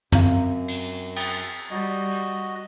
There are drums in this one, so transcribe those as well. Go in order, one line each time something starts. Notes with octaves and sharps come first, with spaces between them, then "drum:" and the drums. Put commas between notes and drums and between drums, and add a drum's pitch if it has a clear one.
F#2 C4 F5, drum: tom
drum: cymbal
drum: cymbal
G3 F#4 D#5
drum: open hi-hat